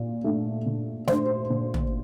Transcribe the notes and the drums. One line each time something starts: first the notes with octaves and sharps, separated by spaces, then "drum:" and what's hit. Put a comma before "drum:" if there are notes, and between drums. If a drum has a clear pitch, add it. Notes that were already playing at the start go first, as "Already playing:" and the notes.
Already playing: A#2
A3 D4
A#2
A3 D4 C5, drum: snare
A#2
drum: tom